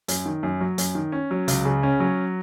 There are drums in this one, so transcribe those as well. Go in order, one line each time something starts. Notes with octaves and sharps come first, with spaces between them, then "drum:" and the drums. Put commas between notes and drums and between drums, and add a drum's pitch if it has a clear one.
F#2, drum: hi-hat
D#3
F#2
F#3
F#2, drum: hi-hat
D#3
C#4
F#3
C#2, drum: hi-hat
C#3
C#4
F#3